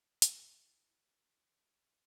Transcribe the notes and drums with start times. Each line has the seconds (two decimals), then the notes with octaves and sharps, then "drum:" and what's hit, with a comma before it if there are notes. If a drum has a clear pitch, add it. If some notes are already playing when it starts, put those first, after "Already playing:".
0.22 G#3, drum: hi-hat
0.44 G2
0.65 E3
0.87 E3
1.09 G2
1.30 G#3
1.52 E3
1.74 G#3